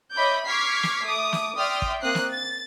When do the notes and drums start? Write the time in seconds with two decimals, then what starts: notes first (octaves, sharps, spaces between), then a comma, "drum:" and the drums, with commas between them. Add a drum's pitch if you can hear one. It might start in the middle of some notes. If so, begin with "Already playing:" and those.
0.15 C#5 D#5 E5 B5 D6 G6
0.47 C#6 D6 F6 G#6 B6 C7
0.83 drum: snare
1.05 A3 D6 D#6
1.33 drum: snare
1.57 D5 E5 G5 C6 D#6 F6
1.82 drum: kick
2.01 A#3 C4 D#6 F#6 C7
2.15 drum: snare
2.31 A6